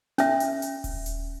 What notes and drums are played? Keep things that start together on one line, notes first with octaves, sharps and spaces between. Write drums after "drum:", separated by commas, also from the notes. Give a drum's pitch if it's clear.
C#4 E5, drum: snare
drum: hi-hat
drum: hi-hat
drum: kick D#1, open hi-hat
drum: hi-hat